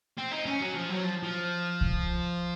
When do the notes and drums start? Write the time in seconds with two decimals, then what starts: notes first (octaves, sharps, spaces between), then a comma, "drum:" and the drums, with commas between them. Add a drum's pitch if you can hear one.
0.17 C4
0.31 D#4
0.46 C#4
0.61 F#3
0.75 F3
0.90 F#3
1.04 F3
1.23 F3
1.81 drum: kick C2